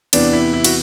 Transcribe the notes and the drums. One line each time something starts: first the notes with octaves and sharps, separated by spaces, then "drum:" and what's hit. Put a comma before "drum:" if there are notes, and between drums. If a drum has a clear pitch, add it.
E2 C3 E3 B3 D4, drum: cymbal
E4
E4
F#4, drum: cymbal